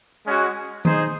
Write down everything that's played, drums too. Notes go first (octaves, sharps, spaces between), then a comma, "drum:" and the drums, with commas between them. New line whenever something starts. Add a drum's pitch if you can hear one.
G#3 C#4 F#4
D#4 G#4 C5 D#5, drum: tom D#3